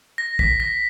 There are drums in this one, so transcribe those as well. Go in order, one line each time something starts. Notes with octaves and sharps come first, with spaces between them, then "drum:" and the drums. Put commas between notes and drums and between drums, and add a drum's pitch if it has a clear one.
A#6
B6, drum: kick A#1
A#6